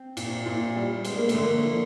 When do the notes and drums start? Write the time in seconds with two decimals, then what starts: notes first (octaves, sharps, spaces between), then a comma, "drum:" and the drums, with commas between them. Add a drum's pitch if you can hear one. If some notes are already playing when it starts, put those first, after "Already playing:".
Already playing: C4
0.17 A#2, drum: cymbal
0.46 A#2
0.76 G3
1.05 G#3 B3, drum: cymbal
1.17 A#3
1.29 A3, drum: cymbal
1.35 D3
1.42 A#3
1.65 F3